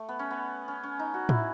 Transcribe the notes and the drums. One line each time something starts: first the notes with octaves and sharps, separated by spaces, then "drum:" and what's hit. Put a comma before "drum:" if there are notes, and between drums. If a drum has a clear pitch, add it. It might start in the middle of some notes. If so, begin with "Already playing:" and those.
Already playing: A3
B3
C#4
B3
C#4
C#4
D#4
F#4
E4, drum: tom A2